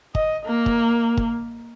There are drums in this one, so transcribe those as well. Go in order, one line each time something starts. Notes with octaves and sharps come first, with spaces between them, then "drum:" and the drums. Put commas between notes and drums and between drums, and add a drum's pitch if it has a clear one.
D#5, drum: kick
A#3
drum: kick
drum: kick